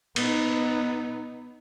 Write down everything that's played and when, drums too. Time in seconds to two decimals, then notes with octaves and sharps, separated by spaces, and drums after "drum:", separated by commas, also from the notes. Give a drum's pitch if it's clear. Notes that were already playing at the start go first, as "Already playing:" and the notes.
0.16 B3 D#4, drum: cymbal